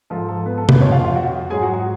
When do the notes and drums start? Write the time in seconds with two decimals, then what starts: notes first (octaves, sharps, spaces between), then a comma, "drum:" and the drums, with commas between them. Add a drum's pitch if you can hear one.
0.10 G#2 F3 A4
0.29 A4
0.46 B3 B4
0.58 A4
0.69 B3 B4, drum: tom
0.80 F2 F3 C#4 C#5
0.92 F4 F5
1.03 F4 F5
1.16 F#4 F#5
1.50 G#2 F#3 G#4 G#5
1.63 F#4 F#5
1.74 F#4 F#5